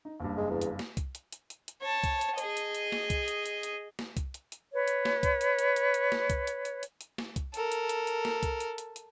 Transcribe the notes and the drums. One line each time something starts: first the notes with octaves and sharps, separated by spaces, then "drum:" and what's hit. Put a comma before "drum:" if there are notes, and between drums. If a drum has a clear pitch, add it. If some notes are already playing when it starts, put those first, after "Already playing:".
D#4
F#1 G2
G#3
E2
drum: hi-hat
drum: snare
drum: kick C2, hi-hat
drum: hi-hat
drum: hi-hat
drum: hi-hat
drum: hi-hat
C#5 A5
drum: kick C2, hi-hat
drum: hi-hat
G#4 D#5, drum: hi-hat
drum: hi-hat
drum: hi-hat
drum: snare
drum: kick C2, hi-hat
drum: hi-hat
drum: hi-hat
drum: hi-hat
drum: snare
drum: kick C2, hi-hat
drum: hi-hat
drum: hi-hat
B4 C#5
drum: hi-hat
drum: snare
drum: kick C2, hi-hat
drum: hi-hat
drum: hi-hat
drum: hi-hat
drum: hi-hat
drum: snare
drum: kick C2, hi-hat
drum: hi-hat
drum: hi-hat
drum: hi-hat
drum: hi-hat
drum: snare
drum: kick C2, hi-hat
A4 A#4, drum: hi-hat
drum: hi-hat
drum: hi-hat
drum: hi-hat
drum: snare
drum: kick C2, hi-hat
drum: hi-hat
drum: hi-hat
drum: hi-hat